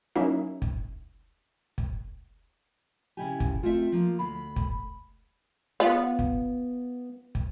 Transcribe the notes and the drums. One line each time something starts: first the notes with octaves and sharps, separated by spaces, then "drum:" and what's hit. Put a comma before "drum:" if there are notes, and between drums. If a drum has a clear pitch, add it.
F#3 A#3 C#4 D#4 E4 E5
drum: kick
drum: kick
C#3 E4 G4 G#5
drum: kick
A3 C4 F4 E5
F3 A#3
D2 B5
drum: kick
B3 F4
drum: kick
drum: kick